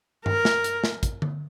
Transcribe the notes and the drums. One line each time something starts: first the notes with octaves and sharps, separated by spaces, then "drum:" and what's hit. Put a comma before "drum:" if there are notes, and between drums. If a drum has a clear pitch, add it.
A#4, drum: tom G2
drum: snare
drum: hi-hat
drum: snare
drum: kick, hi-hat
drum: tom D3